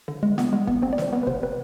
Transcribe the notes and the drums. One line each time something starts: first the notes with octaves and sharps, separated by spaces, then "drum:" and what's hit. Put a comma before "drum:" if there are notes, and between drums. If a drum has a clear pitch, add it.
D3
G#3
B3, drum: snare
G#3
B3, drum: kick
C4 C5
D5
E3 C5, drum: snare
B3 B4
B4
C3 C5, drum: kick
C4 B4